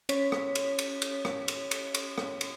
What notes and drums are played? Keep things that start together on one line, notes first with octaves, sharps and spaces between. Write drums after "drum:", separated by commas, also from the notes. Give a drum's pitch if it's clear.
C#4 C#5 B6, drum: cymbal
drum: rim click
drum: cymbal
drum: cymbal
drum: cymbal
drum: rim click
drum: cymbal
drum: cymbal
drum: cymbal
drum: rim click
drum: cymbal